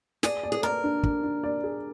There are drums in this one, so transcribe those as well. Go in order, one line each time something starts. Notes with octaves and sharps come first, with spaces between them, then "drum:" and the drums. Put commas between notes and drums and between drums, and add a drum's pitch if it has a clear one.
G#4 D5, drum: snare
D5
G#4
A#4 D5
D4
D4, drum: kick
D4
D5
G#4